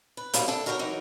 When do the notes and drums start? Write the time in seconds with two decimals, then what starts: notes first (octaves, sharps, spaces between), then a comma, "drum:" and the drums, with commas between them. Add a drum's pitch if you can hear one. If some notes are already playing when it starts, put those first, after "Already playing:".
0.17 B4
0.34 C3 D#3 F#3 G3 A#3, drum: hi-hat
0.48 D4 A4
0.66 F#4 A#4 B4 C#5 F5 G5
0.79 E3 F#3 D#4 A#4